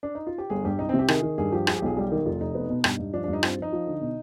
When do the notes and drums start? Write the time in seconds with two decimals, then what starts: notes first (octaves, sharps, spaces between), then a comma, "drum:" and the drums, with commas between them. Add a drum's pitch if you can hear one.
0.03 D4
0.15 D#4
0.27 F4
0.38 G4
0.50 G1 G#4
0.64 G2 G4
0.79 C2 D#4
0.89 C3 C4
0.99 G4
1.08 D#3 G#4, drum: rim click
1.23 D#3
1.38 G2 G#4
1.52 F3 G4
1.67 F4 G#4, drum: rim click
1.77 G4
1.82 B1 G#4
1.96 G3 G4
2.12 D#3
2.25 F1 F4
2.41 F1 D#4
2.55 B3
2.70 B2
2.84 G2, drum: rim click
2.99 G2
3.13 F3 D4
3.24 G2 D4
3.33 D#4
3.43 C4 F4, drum: rim click
3.58 F3 D#4
3.73 F3
3.87 D3
4.01 B2